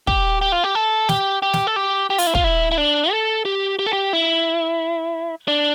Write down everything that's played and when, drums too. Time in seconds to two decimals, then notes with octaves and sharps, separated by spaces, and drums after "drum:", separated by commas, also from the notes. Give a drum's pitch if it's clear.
0.07 G4, drum: kick
0.41 G4
0.52 F4
0.64 G4
0.75 A4
1.09 G4, drum: snare
1.42 G4
1.53 drum: snare
1.67 A4
1.76 G4
2.10 G4
2.18 F4, drum: open hi-hat
2.27 E4
2.35 F4, drum: kick
2.44 E4
2.72 E4
2.78 D4
3.11 A4
3.45 G4
3.79 G4
3.86 A4
3.93 G4
4.13 E4
5.48 D4